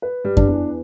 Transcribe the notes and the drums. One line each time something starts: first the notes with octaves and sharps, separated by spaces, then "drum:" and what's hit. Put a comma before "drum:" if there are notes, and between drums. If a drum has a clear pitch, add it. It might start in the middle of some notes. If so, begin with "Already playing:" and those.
B4
G2 G3
D4, drum: kick F#2
E2 E3